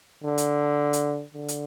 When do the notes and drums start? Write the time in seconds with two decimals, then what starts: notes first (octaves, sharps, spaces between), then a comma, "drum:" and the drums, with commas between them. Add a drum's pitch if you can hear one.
0.24 D3
0.38 drum: hi-hat
0.93 drum: hi-hat
1.34 D3
1.48 drum: hi-hat